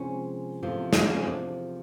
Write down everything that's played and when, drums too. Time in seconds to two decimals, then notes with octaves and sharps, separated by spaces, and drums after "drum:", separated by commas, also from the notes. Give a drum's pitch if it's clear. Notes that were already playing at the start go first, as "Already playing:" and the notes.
Already playing: C3 F3 G#3 C#4
0.63 E2 C3 F3 A3
0.93 drum: snare
1.02 D4
1.15 C#4
1.28 D4